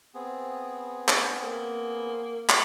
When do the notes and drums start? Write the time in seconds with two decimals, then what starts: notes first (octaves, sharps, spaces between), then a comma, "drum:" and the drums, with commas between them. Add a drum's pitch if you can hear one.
0.14 B3 C4 G#4
1.08 drum: clap
1.44 A#3
2.49 drum: clap